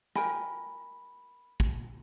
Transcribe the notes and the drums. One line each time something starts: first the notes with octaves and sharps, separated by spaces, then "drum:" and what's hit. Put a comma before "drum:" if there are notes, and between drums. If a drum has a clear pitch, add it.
A#4 G5 G#5 B5, drum: rim click
drum: kick